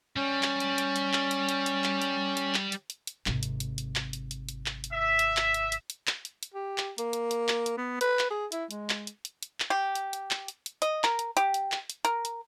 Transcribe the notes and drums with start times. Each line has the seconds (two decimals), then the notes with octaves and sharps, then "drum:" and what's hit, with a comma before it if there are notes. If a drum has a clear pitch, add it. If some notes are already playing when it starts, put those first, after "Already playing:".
0.16 G3 C#4
0.43 drum: clap
0.60 drum: hi-hat
0.78 drum: hi-hat
0.96 drum: hi-hat
1.13 drum: clap
1.31 drum: hi-hat
1.49 drum: hi-hat
1.66 drum: hi-hat
1.84 drum: clap
2.02 drum: hi-hat
2.37 drum: hi-hat
2.54 drum: clap
2.72 drum: hi-hat
2.90 drum: hi-hat
3.07 drum: hi-hat
3.26 G#1 C3, drum: clap
3.43 drum: hi-hat
3.60 drum: hi-hat
3.78 drum: hi-hat
3.96 drum: clap
4.13 drum: hi-hat
4.31 drum: hi-hat
4.49 drum: hi-hat
4.66 drum: clap
4.84 drum: hi-hat
4.93 E5
5.19 drum: hi-hat
5.37 drum: clap
5.54 drum: hi-hat
5.72 drum: hi-hat
5.90 drum: hi-hat
6.07 drum: clap
6.25 drum: hi-hat
6.43 drum: hi-hat
6.54 G4
6.78 drum: clap
6.98 A#3, drum: hi-hat
7.13 drum: hi-hat
7.31 drum: hi-hat
7.48 drum: clap
7.66 drum: hi-hat
7.77 B3
8.01 B4, drum: hi-hat
8.19 drum: clap
8.30 G#4
8.52 E4, drum: hi-hat
8.71 G#3, drum: hi-hat
8.90 drum: clap
9.07 drum: hi-hat
9.25 drum: hi-hat
9.43 drum: hi-hat
9.60 drum: clap
9.70 G4
9.95 drum: hi-hat
10.13 drum: hi-hat
10.31 drum: clap
10.48 drum: hi-hat
10.66 drum: hi-hat
10.82 D#5, drum: hi-hat
11.04 A#4, drum: clap
11.19 drum: hi-hat
11.37 G4, drum: hi-hat
11.54 drum: hi-hat
11.72 drum: clap
11.90 drum: hi-hat
12.05 A#4, drum: hi-hat
12.25 drum: hi-hat